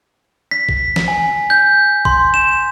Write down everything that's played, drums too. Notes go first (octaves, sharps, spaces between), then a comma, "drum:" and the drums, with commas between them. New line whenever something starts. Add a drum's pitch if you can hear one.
B6
drum: kick A1
drum: snare
G#5
G6
C6, drum: kick A1
E7